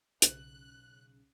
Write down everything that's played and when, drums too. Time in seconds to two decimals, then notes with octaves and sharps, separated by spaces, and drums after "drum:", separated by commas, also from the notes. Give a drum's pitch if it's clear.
0.22 B1 C#3 F#6, drum: hi-hat